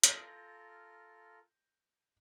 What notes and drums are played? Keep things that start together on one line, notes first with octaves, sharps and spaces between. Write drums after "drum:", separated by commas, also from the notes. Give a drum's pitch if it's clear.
F4 A4 A#4 G6 A#6, drum: hi-hat